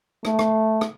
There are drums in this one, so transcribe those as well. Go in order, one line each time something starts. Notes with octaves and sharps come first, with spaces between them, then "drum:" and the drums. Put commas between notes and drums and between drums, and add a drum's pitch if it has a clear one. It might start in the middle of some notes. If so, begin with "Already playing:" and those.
A3, drum: rim click
drum: rim click
drum: rim click